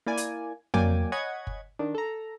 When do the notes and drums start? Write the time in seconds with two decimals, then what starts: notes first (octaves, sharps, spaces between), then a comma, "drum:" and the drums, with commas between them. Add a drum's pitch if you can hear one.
0.06 A#3 E4 D5 G#5
0.17 drum: hi-hat
0.74 F#3 A#3 D5 G5 G#5 D6, drum: tom
1.12 C#5 D#5 F#5 G#5 B5 G#6
1.47 drum: kick
1.79 D#3 D4
1.94 A4 A#5